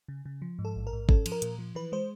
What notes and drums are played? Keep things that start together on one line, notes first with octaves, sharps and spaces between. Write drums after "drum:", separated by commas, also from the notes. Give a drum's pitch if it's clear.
C#3
C#3
F3
G#2
A4
A1
A#4
G#2
C#4 A4, drum: kick G#1
F3, drum: cymbal
A#4
A#2, drum: hi-hat
F3
E3 B4
G#3 C5